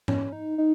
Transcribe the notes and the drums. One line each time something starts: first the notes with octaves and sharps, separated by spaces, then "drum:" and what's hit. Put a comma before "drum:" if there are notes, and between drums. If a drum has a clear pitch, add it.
C#4, drum: tom G#2
D#4
D#4